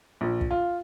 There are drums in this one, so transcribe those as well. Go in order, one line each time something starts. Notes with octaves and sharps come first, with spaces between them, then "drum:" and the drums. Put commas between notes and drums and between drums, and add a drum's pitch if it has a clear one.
A#1
drum: kick
F4